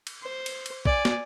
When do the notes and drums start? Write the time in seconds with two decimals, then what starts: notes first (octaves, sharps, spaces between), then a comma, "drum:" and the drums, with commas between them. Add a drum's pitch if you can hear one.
0.07 drum: cymbal
0.22 C5
0.46 drum: cymbal
0.66 drum: cymbal
0.85 D5 G#5, drum: kick
1.05 drum: snare